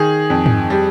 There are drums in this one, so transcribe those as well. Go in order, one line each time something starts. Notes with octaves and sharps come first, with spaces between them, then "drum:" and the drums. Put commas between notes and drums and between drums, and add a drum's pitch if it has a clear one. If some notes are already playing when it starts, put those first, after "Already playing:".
Already playing: D#3 G#4
F2
drum: tom
G3